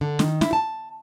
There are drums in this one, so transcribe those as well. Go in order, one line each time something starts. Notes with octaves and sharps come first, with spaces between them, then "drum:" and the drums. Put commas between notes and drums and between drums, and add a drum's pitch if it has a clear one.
D3
D#3, drum: snare
E4, drum: snare
A5